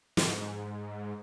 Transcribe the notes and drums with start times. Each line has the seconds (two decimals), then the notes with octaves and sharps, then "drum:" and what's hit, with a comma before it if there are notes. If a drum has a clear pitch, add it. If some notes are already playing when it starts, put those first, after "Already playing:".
0.17 G#2, drum: snare